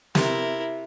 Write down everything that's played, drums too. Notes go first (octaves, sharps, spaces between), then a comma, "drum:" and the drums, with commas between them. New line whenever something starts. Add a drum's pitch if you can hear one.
C3 E4 A#4, drum: snare